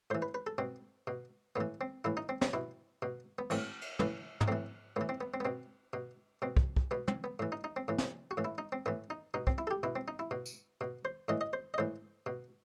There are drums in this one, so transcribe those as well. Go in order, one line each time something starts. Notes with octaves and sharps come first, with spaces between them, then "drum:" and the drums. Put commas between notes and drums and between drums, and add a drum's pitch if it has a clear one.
A2 E3 C5
B4
B4
A4
B2 C4
B2
A2 E3 B3
C4
A2 E3 E4
D#4
C4
C4, drum: snare
B2 E4
B2
B3
A2 E3 C4, drum: cymbal
drum: cymbal
A2 E3 B3, drum: tom
D#4, drum: tom
A2 E3 C4
A2 E3 B3
C4
B3
C4
B3
B2 C4
B2
B2 C4
drum: kick
drum: kick
B2 B3
C4, drum: tom
B3
A2 E3
D#4
D#4
C4
A2 E3
drum: snare
F#4
A2 E3
E4
D#4
C4
A2 E3 B3
D#4
B2 D#4
C4, drum: kick
E4
A4
G4
B2 E4
C4
D#4
E4
B2
drum: tambourine
B2
C5
A2 E3 D#5
D#5
C5
D#5
A2 E3 C5
B2